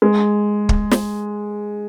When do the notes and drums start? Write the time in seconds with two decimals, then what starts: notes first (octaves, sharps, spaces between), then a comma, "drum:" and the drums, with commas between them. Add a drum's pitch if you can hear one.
0.02 G#3
0.69 drum: kick
0.91 drum: snare